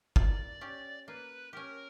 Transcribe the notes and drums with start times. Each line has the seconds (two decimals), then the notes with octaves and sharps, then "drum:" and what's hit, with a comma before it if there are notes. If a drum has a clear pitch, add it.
0.16 A#3 D5, drum: kick
0.61 C#4 G4
1.08 A#3 B4
1.53 C#4 G4 A#4